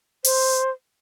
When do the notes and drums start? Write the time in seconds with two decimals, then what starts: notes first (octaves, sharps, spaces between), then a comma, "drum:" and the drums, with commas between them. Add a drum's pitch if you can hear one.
0.24 C5, drum: open hi-hat